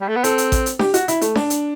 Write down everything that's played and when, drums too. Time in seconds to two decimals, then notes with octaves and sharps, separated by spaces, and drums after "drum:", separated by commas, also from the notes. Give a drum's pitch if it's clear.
0.01 G3
0.08 A3
0.16 B3
0.24 C4 A4, drum: hi-hat
0.38 drum: hi-hat
0.52 drum: kick A1, hi-hat
0.66 drum: hi-hat
0.79 G4, drum: snare D4
0.94 F#4, drum: hi-hat
1.08 E4, drum: hi-hat
1.21 A3, drum: hi-hat
1.35 D4, drum: snare D4
1.50 drum: hi-hat